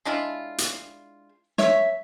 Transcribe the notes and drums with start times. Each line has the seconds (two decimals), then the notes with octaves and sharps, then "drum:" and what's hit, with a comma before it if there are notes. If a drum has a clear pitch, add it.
0.05 G#3 D4 E4 F4
0.58 drum: hi-hat
1.58 C#5 E5, drum: snare